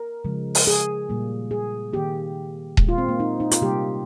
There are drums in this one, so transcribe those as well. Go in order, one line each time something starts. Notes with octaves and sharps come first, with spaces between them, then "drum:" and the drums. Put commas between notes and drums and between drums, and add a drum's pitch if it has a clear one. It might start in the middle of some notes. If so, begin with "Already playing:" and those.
Already playing: A#4
C#3 F3 G#3
drum: open hi-hat
G#4
A#2 G3 A#3
G#4
D#3 A#3 G4
A#2 G#3, drum: kick D#1
F4
C4
A#3
D#4
D#4
F4, drum: hi-hat
C3 G3 A#3 G4